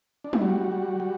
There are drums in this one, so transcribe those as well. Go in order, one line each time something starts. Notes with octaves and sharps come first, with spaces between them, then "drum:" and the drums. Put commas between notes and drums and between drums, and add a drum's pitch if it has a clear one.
D4
E4, drum: tom
G3 F#4
G3
G3